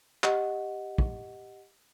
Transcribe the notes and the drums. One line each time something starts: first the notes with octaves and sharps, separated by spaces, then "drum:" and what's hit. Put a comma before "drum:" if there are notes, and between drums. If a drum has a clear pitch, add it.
G4 D#5 F#5, drum: clap
drum: kick